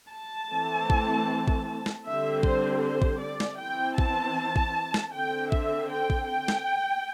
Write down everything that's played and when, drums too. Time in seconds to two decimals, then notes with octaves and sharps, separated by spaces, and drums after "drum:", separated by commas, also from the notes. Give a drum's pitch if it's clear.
0.12 A5
0.52 E3 A3 C4
0.90 drum: kick A1
1.48 drum: kick A1
1.86 drum: snare
2.06 D3 G3 C4 E5
2.43 C5, drum: kick A1
2.83 C5
3.02 drum: kick A1
3.22 D5
3.40 drum: snare
3.59 E3 C4 G5
3.98 A5, drum: kick A1
4.56 drum: kick A1
4.94 drum: snare
5.14 D3 C4 G5
5.52 E5, drum: kick A1
5.91 G5
6.10 drum: kick A1
6.28 G5
6.48 drum: snare